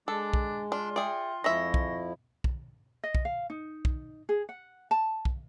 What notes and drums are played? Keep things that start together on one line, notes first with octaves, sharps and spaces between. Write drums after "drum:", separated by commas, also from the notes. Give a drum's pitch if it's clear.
G#3 D4 A4
drum: kick
D4 F4
G#4 D5 E5 G5
F2 F3 G#3 E4 E5 C#6 A#6
drum: kick
drum: kick
D#5
drum: kick
F5
D#4
drum: kick
G#4
F#5
A5
drum: kick